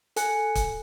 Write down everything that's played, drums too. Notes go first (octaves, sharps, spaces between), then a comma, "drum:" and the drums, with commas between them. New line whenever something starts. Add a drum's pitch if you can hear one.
A4 G#5 F#6 C#7, drum: hi-hat
drum: kick, hi-hat